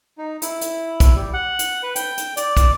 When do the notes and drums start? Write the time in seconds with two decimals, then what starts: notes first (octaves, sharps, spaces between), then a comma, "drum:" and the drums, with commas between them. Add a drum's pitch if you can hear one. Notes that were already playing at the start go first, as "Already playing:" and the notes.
0.18 D#4
0.42 E4, drum: hi-hat
0.61 drum: hi-hat
1.00 drum: kick, hi-hat
1.15 G3
1.33 F#5
1.59 drum: hi-hat
1.83 B4
1.95 G5, drum: hi-hat
2.18 drum: hi-hat
2.37 D5, drum: hi-hat
2.57 drum: kick, hi-hat